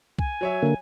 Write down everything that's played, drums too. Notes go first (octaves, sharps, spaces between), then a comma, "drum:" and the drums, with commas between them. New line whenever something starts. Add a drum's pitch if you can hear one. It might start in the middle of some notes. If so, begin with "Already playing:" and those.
G#5, drum: kick C2
F#3 C#5 E5
D3 A#3